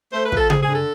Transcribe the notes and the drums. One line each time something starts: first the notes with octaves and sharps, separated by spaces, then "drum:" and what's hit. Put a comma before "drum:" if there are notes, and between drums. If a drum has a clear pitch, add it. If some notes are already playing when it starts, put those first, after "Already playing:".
A3 C5
B4
F3 A4, drum: kick
C4 G#4, drum: tom C#3
G#4
D3
A4